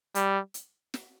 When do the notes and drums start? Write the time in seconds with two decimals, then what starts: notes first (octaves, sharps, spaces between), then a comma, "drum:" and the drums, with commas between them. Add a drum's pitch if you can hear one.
0.15 G3, drum: hi-hat
0.54 drum: hi-hat
0.94 drum: snare